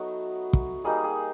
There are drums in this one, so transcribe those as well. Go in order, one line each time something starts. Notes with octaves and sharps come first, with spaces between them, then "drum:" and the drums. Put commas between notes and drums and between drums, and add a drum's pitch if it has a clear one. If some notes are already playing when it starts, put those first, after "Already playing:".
Already playing: F#3 A3 B3 D#4 F#4
drum: kick
G3 A#3 D#4 G#4
G#4